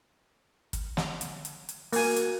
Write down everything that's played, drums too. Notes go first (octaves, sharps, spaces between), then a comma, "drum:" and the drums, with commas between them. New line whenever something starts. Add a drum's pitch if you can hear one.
drum: kick, hi-hat
drum: snare
drum: hi-hat
drum: hi-hat
drum: hi-hat
A#3 F#4 A#4 G#5, drum: open hi-hat
drum: hi-hat